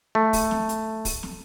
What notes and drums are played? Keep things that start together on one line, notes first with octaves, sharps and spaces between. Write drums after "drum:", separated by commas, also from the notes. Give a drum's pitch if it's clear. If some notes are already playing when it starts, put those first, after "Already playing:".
A3
drum: kick, open hi-hat
drum: snare
drum: hi-hat
drum: kick, open hi-hat
drum: snare